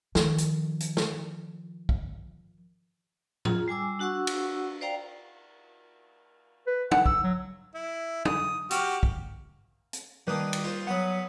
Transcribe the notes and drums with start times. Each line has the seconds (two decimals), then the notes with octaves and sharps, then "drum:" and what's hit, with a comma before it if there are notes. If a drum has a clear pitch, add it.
0.15 D#3 F3, drum: snare
0.38 drum: hi-hat
0.80 drum: hi-hat
0.97 drum: snare
1.89 drum: kick
3.45 F4 G#4 A#5, drum: tom A2
3.68 G3 G#5 D6 E6
3.99 D4 F#4 F#5 C#6 E6
4.27 drum: cymbal
4.81 C5 D5 F5 G5 A#5
6.67 B4
6.91 F#5, drum: tom
7.06 E6, drum: kick
7.23 F#3
7.75 E4
8.25 D#6, drum: tom
8.71 F#4 G4 F6, drum: hi-hat
9.03 drum: kick
9.93 drum: hi-hat
10.27 D#3 G3 A#3 D4 B4 D#6
10.53 drum: cymbal
10.64 F4 C5
10.87 F#3 B3 F#5 B5 D#6